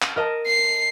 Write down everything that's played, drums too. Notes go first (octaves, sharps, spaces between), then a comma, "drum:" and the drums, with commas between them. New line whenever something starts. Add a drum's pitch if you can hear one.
drum: clap
A#4 D#5 A5
C7